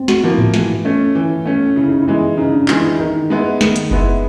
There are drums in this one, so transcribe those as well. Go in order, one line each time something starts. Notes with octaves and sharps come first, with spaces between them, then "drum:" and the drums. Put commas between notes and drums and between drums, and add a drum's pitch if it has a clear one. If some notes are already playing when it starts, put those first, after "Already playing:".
Already playing: B3 C4
F#4, drum: snare
F3 A#3 E4
F4, drum: tom G#2
E3, drum: snare
A3 C#4
E3
A3 C#4
C#3 E4
D#4
E4
E3 G#3
C#3 D#4
D4
E3 G#3 F4, drum: clap
E4
D#3 D#4
G#3 B3 E4
D#3, drum: snare
drum: hi-hat
G#3 B3 E4, drum: kick F#1